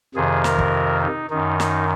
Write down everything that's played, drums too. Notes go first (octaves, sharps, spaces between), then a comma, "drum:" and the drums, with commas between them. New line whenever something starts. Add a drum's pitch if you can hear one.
F2 C3 D#3 G#4
A#4, drum: snare
drum: kick
D#4
F#2 D#3 D#4
D#4, drum: snare